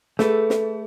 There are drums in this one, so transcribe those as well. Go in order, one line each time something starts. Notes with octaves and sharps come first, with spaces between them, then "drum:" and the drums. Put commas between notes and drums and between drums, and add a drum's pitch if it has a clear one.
A3 G#4 A4 B4, drum: snare
drum: snare